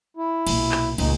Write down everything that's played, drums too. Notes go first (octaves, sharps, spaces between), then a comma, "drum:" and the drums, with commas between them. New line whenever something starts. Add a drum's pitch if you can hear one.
E4
B1 A#2, drum: cymbal
drum: clap
C#2 A#2 D#4, drum: cymbal